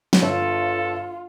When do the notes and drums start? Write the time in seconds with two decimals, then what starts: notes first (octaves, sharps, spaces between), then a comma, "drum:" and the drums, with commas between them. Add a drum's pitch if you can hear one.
0.13 drum: snare
0.22 G1 F4 A4 C#5